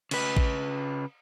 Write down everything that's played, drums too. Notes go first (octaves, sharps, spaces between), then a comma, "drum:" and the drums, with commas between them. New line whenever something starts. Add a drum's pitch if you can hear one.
C#3 B4, drum: cymbal
drum: kick A1